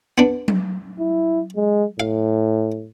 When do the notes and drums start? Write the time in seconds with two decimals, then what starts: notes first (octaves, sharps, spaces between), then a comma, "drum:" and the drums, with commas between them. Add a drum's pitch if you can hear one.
0.18 B3 D4
0.48 drum: tom F#3
0.99 E4
1.56 G#3
2.00 A2 F5